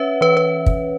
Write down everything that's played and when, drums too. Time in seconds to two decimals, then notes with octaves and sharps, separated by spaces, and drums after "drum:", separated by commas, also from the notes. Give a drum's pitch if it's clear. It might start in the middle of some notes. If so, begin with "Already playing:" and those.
Already playing: C#4 B4 C#5 E5 F#5
0.21 E3 B4
0.37 B4
0.66 drum: kick